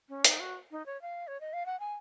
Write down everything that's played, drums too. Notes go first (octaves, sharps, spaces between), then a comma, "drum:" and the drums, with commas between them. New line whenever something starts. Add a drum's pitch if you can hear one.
C#4
D#4, drum: hi-hat
F#4
D#4
C#5
F5
C#5
D#5
F5
F#5
G#5